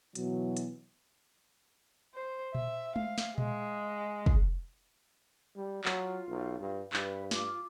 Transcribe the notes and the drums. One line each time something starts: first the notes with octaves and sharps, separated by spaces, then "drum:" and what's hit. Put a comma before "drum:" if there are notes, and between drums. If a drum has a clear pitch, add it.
B2 E3 F#3, drum: hi-hat
drum: hi-hat
C5
E5, drum: tom A#2
F5, drum: tom G#3
drum: snare
G#3, drum: tom A#2
drum: kick
G3
F#3 F4, drum: clap
B1
G2
G2 B4, drum: clap
F4 D6, drum: snare